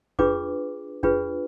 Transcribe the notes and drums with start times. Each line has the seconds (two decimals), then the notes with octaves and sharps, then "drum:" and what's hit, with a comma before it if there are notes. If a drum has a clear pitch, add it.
0.19 D4 F4 G#4 B4 D6, drum: kick F2
1.03 D4 F4 G#4 B4, drum: kick F2